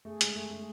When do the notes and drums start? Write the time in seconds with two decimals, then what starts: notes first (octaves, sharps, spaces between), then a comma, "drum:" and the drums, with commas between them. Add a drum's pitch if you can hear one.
0.05 A3 G#4
0.21 G#3, drum: hi-hat
0.36 A3
0.51 A3